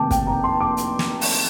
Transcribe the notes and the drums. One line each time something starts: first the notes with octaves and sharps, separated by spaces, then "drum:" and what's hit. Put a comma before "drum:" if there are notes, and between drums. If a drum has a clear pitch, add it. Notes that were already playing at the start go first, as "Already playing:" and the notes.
Already playing: C3 D#3 A3 C4 G5 A5 D6
G5, drum: kick, hi-hat
A#5
C6
D6
drum: hi-hat
drum: snare
drum: open hi-hat